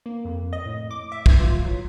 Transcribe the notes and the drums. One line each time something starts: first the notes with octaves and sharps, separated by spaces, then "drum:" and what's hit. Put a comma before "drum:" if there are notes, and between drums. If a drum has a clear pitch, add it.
A#3
F2
D#5
A2
D6
E5
E3, drum: kick
F4
F#3